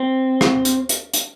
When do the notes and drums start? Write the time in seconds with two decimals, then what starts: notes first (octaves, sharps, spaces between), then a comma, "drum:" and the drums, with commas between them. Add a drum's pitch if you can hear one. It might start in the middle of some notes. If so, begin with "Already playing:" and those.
Already playing: C4
0.41 drum: rim click
0.65 drum: hi-hat
0.89 drum: hi-hat
1.14 drum: hi-hat